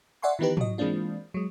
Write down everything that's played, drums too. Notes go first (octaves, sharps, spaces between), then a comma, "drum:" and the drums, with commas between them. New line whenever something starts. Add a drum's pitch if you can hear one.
D5 E5 F#5 G#5 C6 C#6
D#3 E3 B3 D#4 G4 B4
F#3 D#5, drum: tom
E3 G#3 A#3 C4 D4 F4
F#3 G#3